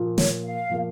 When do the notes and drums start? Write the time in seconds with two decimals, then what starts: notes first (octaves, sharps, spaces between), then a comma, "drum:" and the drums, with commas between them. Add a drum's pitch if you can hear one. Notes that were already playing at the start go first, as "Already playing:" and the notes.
Already playing: A#2 F3 A#3
0.18 C#5, drum: snare
0.44 F5
0.70 A#2 F3 A#3